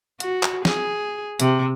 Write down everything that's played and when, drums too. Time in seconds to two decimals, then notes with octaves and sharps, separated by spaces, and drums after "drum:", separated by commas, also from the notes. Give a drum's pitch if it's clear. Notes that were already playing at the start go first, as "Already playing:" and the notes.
0.20 F#4, drum: hi-hat
0.43 drum: clap
0.65 G#4, drum: snare
1.40 C3, drum: hi-hat